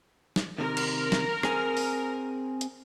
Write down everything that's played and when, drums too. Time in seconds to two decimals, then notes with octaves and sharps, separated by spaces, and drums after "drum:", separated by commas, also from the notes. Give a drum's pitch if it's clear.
0.36 drum: snare
0.58 C3 D#3 A#4
0.77 drum: cymbal
1.12 drum: snare
1.43 C4 G#4, drum: rim click
1.77 drum: open hi-hat
2.61 drum: hi-hat